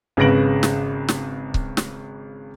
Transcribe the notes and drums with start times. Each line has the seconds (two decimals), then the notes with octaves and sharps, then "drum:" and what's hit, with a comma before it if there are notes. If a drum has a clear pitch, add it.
0.17 G#1 C#3 B4 A#6 D7 F#7
0.63 drum: snare
1.08 drum: snare
1.54 drum: kick C#1
1.77 drum: snare